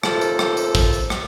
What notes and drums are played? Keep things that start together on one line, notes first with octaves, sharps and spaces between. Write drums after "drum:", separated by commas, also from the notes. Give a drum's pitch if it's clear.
D#2 C3 F3 A4, drum: rim click
drum: tambourine
drum: rim click
drum: tambourine
drum: kick, tambourine
drum: tambourine
drum: rim click